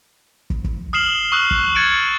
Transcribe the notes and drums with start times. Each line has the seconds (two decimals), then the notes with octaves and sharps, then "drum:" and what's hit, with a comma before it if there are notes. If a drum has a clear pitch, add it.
0.50 drum: kick
0.64 drum: kick
0.93 D#6 F6 C7 E7 F#7 G7
1.32 C#6 D#6 E6 F#6 F#7
1.51 drum: kick
1.76 G#6 A6 C#7 D7